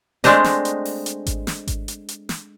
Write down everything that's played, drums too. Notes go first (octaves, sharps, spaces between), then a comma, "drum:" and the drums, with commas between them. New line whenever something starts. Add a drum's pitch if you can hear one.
G#3 A3 C4 D4 C5 D#5, drum: snare
drum: snare
drum: hi-hat
drum: open hi-hat
drum: hi-hat
drum: kick G#1, hi-hat
drum: snare
drum: kick G#1, hi-hat
drum: hi-hat
drum: hi-hat
drum: snare